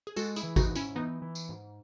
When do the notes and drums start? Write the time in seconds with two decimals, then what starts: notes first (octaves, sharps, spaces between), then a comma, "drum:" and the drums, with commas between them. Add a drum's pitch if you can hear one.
0.07 G#4
0.16 G#3 F#4 A4, drum: tambourine
0.36 E4 G#4, drum: tambourine
0.43 E3
0.56 D#4 F#4, drum: kick G#1, tambourine
0.70 G#2
0.75 C#4 E4, drum: tambourine
0.95 E3 B3 D#4
1.22 E3
1.35 drum: tambourine
1.49 G#2